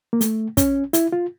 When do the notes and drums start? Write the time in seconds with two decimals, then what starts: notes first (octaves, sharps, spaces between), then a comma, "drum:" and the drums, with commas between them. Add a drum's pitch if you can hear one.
0.13 A#3
0.21 A3, drum: hi-hat
0.57 C#4, drum: kick, hi-hat
0.93 E4, drum: hi-hat
1.12 F4